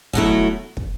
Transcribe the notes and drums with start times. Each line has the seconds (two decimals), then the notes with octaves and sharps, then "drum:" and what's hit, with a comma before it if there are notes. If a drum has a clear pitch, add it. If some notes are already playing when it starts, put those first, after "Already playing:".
0.13 B2 F#3 A3 E4, drum: kick
0.77 drum: kick